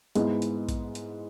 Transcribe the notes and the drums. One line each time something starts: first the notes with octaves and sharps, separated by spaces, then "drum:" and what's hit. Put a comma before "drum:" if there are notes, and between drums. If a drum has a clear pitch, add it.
G#2 G#3 B3 E4, drum: hi-hat
drum: hi-hat
drum: kick A#1, hi-hat
drum: hi-hat